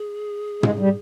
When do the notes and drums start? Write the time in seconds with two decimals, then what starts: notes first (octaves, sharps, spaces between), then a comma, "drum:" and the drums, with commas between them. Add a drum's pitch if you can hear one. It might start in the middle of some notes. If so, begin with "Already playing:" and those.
Already playing: G#4
0.63 G#3, drum: tom
0.79 G3